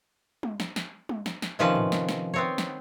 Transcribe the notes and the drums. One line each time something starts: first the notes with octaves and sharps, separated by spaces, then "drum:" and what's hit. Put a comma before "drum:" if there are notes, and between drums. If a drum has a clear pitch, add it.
drum: tom G3
drum: snare
drum: snare
drum: tom G3
drum: snare
drum: snare
C3 D#3 F3 C#4 B4 A5
drum: tom G#2
drum: snare
drum: snare
B3 C4 C#5
drum: snare